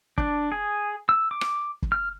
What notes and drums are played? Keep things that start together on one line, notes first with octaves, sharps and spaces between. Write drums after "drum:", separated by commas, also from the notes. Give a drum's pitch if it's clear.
D4, drum: kick
G#4
E6
D6
drum: rim click
drum: kick
F6